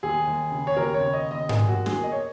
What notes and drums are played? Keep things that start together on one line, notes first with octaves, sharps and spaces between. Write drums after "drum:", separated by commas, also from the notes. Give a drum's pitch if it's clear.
D#2 G#4
D#2
C#3
C#5
D#2 A#4
C#5
C#3
D#5
D#2
D#5
A#3 G#4, drum: tom G#2
D#2 F#4
G#4, drum: snare
A#3
D#5
C#5